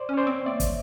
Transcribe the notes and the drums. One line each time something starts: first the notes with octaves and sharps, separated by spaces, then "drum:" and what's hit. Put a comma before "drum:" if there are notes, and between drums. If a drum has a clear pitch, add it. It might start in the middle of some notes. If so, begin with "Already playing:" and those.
Already playing: C5 D5
C#4 C#5
C5 D5
C4
A#3 D5 E5
drum: kick, hi-hat